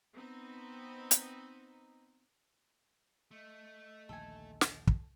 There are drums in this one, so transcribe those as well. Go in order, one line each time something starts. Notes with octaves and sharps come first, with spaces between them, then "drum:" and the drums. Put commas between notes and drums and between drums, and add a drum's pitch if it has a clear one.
B3 C4 D#4
drum: hi-hat
A3 D#5
A#1 D#2 D3 A4 G#5
drum: snare
drum: kick